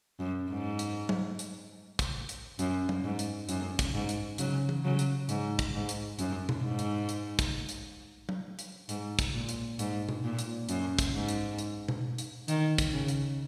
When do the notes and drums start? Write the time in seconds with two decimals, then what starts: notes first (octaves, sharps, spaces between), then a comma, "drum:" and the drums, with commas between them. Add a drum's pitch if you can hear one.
0.20 F#2
0.50 G#2
0.79 drum: hi-hat
1.09 drum: tom F#3
1.39 drum: hi-hat
1.99 drum: kick, hi-hat
2.29 drum: hi-hat
2.59 F#2, drum: hi-hat
2.89 drum: tom F#3
3.04 G#2
3.19 drum: hi-hat
3.49 F#2, drum: hi-hat
3.79 drum: kick, hi-hat
3.94 G#2
4.09 drum: hi-hat
4.38 C#3 F#3, drum: hi-hat
4.69 drum: tom E3
4.84 C#3 F#3
4.99 drum: hi-hat
5.29 G#2, drum: hi-hat
5.59 drum: kick, hi-hat
5.74 G#2
5.89 drum: hi-hat
6.19 F#2, drum: hi-hat
6.49 drum: tom B2
6.63 G#2
6.79 drum: hi-hat
7.09 drum: hi-hat
7.39 drum: kick, hi-hat
7.69 drum: hi-hat
8.29 drum: tom F#3
8.59 drum: hi-hat
8.89 G#2, drum: hi-hat
9.19 drum: kick, hi-hat
9.34 A#2
9.49 drum: hi-hat
9.79 G#2, drum: hi-hat
10.09 drum: tom B2
10.23 A#2
10.39 drum: hi-hat
10.69 F#2, drum: hi-hat
10.99 drum: kick, hi-hat
11.14 G#2
11.29 drum: hi-hat
11.58 drum: hi-hat
11.88 drum: tom B2
12.18 drum: hi-hat
12.48 D#3, drum: hi-hat
12.78 drum: kick, hi-hat
12.93 C#3
13.08 drum: hi-hat